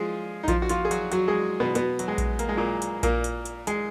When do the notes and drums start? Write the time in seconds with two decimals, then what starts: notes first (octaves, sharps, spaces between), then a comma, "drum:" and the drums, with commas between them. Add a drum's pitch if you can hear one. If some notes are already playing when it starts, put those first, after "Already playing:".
Already playing: F3 G#3 F4 G#4
0.43 D#4
0.48 F3 F4, drum: kick A#1, hi-hat
0.62 F#4
0.69 F3 F4, drum: hi-hat
0.85 G#4
0.91 F#3 F#4, drum: hi-hat
1.12 F#3 F#4, drum: hi-hat
1.28 G#3 G#4
1.60 B2 B3
1.75 B2 B3, drum: hi-hat
1.99 F#3, drum: hi-hat
2.08 G#3
2.18 drum: kick A#1, hi-hat
2.39 A#3, drum: hi-hat
2.49 G#3
2.57 A#2 A#3
2.82 drum: hi-hat
3.03 A#2 A#3, drum: kick A#1, hi-hat
3.24 drum: hi-hat
3.45 drum: hi-hat
3.67 G#3, drum: hi-hat